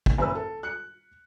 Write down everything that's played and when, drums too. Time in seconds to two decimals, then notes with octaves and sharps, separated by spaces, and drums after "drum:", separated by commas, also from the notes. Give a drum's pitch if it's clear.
0.06 drum: kick
0.18 F#1 B4 E6
0.35 A4
0.63 F#6 C#7